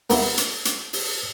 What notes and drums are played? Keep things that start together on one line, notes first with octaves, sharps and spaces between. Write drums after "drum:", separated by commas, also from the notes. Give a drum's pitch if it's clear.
A#3 B3 E4, drum: open hi-hat
drum: hi-hat
drum: hi-hat
drum: open hi-hat